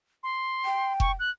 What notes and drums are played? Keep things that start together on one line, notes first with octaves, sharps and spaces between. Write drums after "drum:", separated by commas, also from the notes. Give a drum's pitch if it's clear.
C6
G5
C#6, drum: kick F1
F#6